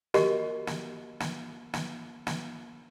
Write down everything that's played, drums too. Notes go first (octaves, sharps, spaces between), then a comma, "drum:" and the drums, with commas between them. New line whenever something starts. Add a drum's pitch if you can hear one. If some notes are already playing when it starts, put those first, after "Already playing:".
F#4 G4 A#4 D#5, drum: snare
drum: snare
drum: snare
drum: snare
drum: snare